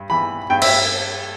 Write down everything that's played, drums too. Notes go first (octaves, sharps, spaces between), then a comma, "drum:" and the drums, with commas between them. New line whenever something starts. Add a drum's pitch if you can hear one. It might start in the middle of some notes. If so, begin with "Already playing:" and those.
Already playing: G2
E3 B5
G2 G5
E5, drum: cymbal